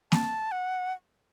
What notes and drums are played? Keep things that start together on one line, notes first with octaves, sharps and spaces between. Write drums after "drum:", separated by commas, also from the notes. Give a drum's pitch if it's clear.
A5, drum: snare A#3
F#5